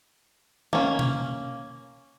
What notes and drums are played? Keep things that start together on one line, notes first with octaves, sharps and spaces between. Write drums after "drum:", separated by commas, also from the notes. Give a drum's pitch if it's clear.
A#3 C#4, drum: tom D#3
drum: tom B2